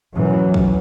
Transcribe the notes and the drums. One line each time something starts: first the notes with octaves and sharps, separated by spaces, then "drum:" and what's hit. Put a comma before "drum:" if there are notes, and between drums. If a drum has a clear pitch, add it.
F#2 E3 F#3
drum: kick